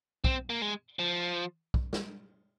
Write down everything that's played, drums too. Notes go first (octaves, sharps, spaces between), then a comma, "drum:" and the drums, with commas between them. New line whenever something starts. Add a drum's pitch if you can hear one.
C4, drum: kick B1
A#3
G#3
F3
drum: kick B1
drum: snare